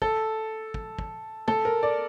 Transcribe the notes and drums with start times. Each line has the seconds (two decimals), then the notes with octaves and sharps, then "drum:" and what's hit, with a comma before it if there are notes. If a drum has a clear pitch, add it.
0.02 A4, drum: kick
0.74 drum: kick
0.99 drum: kick
1.48 A4, drum: tom
1.65 A#4
1.83 D5